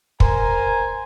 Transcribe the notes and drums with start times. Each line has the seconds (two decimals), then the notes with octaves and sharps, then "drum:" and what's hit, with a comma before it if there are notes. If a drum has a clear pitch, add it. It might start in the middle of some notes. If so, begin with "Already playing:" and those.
0.20 A#4 C5 G#5 A#5, drum: kick